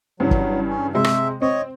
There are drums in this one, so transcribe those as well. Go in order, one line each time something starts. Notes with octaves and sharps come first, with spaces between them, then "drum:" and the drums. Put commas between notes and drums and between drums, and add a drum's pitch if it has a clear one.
G2 C#3 E3 F#3
drum: kick
C#4
C3 G#3 E5 C6
drum: rim click
C4 C#5 D#5